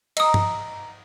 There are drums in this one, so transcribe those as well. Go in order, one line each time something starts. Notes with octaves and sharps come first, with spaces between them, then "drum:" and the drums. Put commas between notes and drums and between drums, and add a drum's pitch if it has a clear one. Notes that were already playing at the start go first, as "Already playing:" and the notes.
A#3 A#4 D#5 D#6 E6, drum: cymbal
drum: tom G2